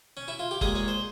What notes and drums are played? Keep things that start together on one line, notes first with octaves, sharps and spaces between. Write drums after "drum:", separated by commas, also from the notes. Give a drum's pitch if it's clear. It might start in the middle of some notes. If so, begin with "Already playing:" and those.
C#4
E4
F4
G4
A#2 G#3 G#4, drum: kick
C#5
C5